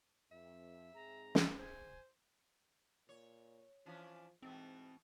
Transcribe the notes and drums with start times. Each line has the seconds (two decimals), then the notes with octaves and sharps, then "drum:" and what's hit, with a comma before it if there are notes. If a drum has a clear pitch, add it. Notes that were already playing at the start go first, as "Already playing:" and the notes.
0.31 F2 E5
0.95 G#2 C4 G#4 A#5
1.35 drum: snare
1.59 C5 G#5
3.09 A#2 C#5
3.86 E3 F3 C#4 D4
4.42 G#2 B2 E3 A3 C4